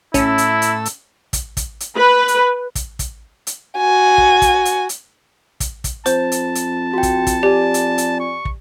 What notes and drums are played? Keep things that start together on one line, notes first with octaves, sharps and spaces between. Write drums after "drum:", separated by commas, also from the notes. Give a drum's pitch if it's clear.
A2 C#4 E4 A4 E6, drum: kick, hi-hat
drum: hi-hat
drum: hi-hat
drum: hi-hat
drum: kick, hi-hat
drum: kick, hi-hat
drum: hi-hat
B4
drum: hi-hat
drum: kick, hi-hat
drum: kick, hi-hat
drum: hi-hat
F#4 G#5
drum: kick
drum: kick, hi-hat
drum: hi-hat
drum: hi-hat
drum: kick, hi-hat
drum: kick, hi-hat
F2 C5 A5, drum: hi-hat
drum: hi-hat
drum: hi-hat
F#4 G5
drum: kick, hi-hat
drum: kick, hi-hat
G4 D5 G#5
drum: hi-hat
drum: hi-hat
C#6
drum: kick